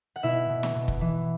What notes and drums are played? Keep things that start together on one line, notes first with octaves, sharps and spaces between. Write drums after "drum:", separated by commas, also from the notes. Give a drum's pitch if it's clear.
F#5
B2 E4 E5
B2
drum: snare
B2
drum: kick
E3